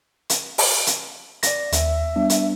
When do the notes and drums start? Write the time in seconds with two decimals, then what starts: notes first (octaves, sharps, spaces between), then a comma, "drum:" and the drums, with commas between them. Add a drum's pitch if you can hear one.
0.30 drum: hi-hat
0.58 drum: open hi-hat
0.87 drum: hi-hat
1.43 D5 A#6, drum: hi-hat
1.72 D#2 E5, drum: hi-hat
2.16 G3 B3 D4
2.30 drum: hi-hat